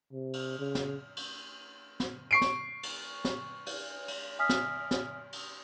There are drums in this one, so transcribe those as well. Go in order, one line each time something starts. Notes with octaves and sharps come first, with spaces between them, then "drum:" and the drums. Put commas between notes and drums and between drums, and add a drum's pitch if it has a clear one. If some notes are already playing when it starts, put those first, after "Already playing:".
C3
drum: cymbal
C#3
drum: snare
drum: cymbal
drum: snare
C#6 C7 D7
drum: snare
drum: cymbal
drum: snare
drum: cymbal
drum: cymbal
E5 G#5 D#6 F6 B6
drum: snare
drum: snare
drum: cymbal